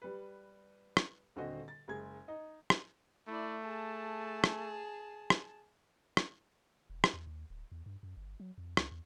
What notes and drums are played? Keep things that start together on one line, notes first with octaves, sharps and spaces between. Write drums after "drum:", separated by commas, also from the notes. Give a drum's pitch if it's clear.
G3 B4
drum: rim click
D#1 D3 C4 F#4 D#5
A6
F#1 G#3 G#6
D#4 D#5
drum: rim click
A3 E4 D5
G#4 A5
drum: rim click
drum: rim click
drum: rim click
E1
drum: rim click
E2
D#2
D1
E2
G2
F#2
G1
F#3
F2
C#2, drum: rim click
E2